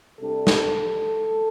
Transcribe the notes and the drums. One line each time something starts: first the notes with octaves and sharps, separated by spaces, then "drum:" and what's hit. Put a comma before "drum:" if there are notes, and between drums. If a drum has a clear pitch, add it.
C3 G3 D4 A4
drum: snare